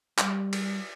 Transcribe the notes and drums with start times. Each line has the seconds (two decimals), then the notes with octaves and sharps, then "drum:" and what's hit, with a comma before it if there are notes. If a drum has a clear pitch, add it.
0.18 G3, drum: clap
0.53 drum: cymbal